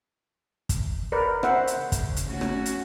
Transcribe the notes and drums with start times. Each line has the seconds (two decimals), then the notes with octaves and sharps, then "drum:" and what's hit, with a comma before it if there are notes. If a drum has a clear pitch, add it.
0.69 drum: kick, hi-hat
1.12 A#4 B4 D5
1.43 C5 E5 F#5, drum: rim click
1.67 drum: hi-hat
1.77 C#3
1.92 drum: kick, hi-hat
2.17 drum: hi-hat
2.30 A3 C#4 F#4
2.41 drum: rim click
2.66 drum: hi-hat